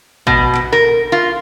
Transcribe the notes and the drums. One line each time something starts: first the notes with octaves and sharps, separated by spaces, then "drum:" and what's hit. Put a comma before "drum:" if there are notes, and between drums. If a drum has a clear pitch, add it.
B2, drum: kick A1
drum: clap
A#4
F4